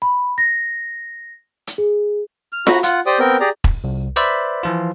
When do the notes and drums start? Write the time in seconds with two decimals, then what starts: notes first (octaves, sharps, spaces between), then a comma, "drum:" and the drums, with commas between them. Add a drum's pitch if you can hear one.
0.02 B5
0.38 A#6
1.67 drum: hi-hat
1.78 G#4
2.53 F6
2.67 F#4 A#5 B5, drum: snare F4
2.83 F4 F#5, drum: hi-hat
3.06 G4 C5 D5 G5 D#6
3.19 B3 C4 A#4 G5
3.40 G4 G#4 D5 A#5
3.64 drum: kick E1
3.84 C2
4.16 B4 C5 D5 E5 B5
4.63 E3 F3 F4